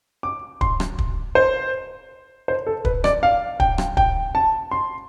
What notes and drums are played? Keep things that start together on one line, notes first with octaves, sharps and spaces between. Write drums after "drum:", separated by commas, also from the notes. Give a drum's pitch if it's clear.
D6
C6, drum: kick
drum: rim click
drum: kick
C5
C5
A4
B4, drum: kick
D5, drum: rim click
F5
G5, drum: kick
drum: rim click
G5, drum: kick
A5
C6